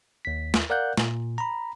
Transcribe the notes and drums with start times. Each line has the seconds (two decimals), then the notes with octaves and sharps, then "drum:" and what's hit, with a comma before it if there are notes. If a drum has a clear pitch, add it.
0.25 D#2 B6
0.54 drum: snare
0.70 A#4 D5 F5 F#5 F#6 G6
0.97 A#2, drum: snare
1.38 A#5 B5